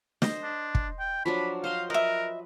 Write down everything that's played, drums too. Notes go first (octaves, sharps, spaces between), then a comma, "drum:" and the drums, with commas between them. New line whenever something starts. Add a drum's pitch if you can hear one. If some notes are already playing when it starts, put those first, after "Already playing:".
C5 D#5, drum: snare
D4
drum: kick
G5
F3 F#3 D4 B5
C5 D#5 F5 C6
A#4 B4 D#5 E5